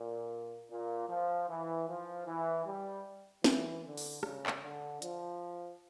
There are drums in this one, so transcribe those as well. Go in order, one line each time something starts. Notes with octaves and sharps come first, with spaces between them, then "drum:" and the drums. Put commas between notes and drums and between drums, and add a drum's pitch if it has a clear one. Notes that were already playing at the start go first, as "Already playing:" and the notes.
Already playing: A#2
A#2
F3
E3
F3
E3
G3
E3, drum: snare
D3
drum: open hi-hat
C#3, drum: rim click
drum: clap
D3
F3, drum: hi-hat